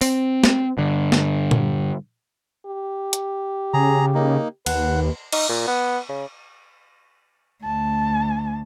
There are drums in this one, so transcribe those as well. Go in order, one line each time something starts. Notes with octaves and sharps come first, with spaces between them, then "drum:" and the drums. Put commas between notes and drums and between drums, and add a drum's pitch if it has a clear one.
C4, drum: open hi-hat
drum: snare
G2 D3
drum: snare
drum: tom A#2
G4
drum: hi-hat
C#3 G#4 A#5
A#3 D#4
D#2 B4 F#5, drum: cymbal
D#4, drum: cymbal
A#2
B3
C#3
D2 A5